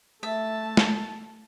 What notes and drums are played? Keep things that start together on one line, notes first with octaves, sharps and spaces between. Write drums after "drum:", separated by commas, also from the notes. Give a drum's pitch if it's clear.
A3 E5 A5
drum: snare